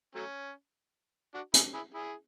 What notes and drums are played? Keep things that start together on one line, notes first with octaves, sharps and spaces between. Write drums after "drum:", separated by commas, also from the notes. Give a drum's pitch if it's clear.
F#3 A3 C#4
D4 F#4
E4 G#4, drum: hi-hat
E4 G#4
E4 G#4